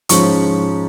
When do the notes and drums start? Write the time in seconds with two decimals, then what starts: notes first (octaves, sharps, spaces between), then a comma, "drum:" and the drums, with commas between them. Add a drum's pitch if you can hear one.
0.09 G#2 F3 G#3 C#4 C#6, drum: hi-hat